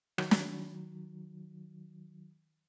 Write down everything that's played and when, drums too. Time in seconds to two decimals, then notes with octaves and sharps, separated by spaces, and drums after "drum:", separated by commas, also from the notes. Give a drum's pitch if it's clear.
0.18 D#3 F#3, drum: rim click
0.31 drum: snare